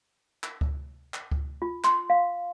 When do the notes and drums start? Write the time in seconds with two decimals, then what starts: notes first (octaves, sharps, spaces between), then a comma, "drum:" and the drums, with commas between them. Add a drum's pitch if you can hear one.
0.44 drum: clap
0.61 drum: kick C#2
1.14 drum: clap
1.31 drum: kick C#2
1.62 F4
1.84 C6, drum: clap
2.10 F5